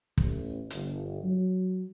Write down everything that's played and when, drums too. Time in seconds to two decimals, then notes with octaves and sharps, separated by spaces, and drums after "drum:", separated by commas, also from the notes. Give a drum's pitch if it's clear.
0.18 A1, drum: kick
0.70 G1, drum: hi-hat
1.23 F#3